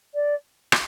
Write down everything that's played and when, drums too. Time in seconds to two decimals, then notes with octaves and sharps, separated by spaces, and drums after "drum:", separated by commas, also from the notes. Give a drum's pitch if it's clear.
0.14 D5
0.72 drum: rim click